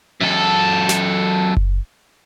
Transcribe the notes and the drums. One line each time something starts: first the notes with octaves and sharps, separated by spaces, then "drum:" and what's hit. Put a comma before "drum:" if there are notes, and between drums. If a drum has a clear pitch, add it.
F#2 A4
drum: snare
drum: kick F#1